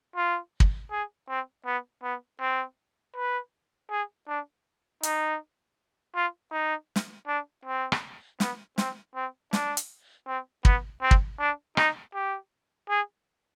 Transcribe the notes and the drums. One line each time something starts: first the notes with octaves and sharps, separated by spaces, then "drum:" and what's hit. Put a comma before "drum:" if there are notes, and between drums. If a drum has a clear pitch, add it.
F4
drum: kick
G#4
C4
B3
B3
C4
B4
G#4
D4
D#4, drum: hi-hat
F4
D#4
drum: snare
D4
C4
drum: rim click
B3, drum: snare
C4, drum: snare
C4
D4, drum: snare
drum: hi-hat
C4
B3, drum: kick
C4
drum: kick
D4
D#4, drum: rim click
G4
G#4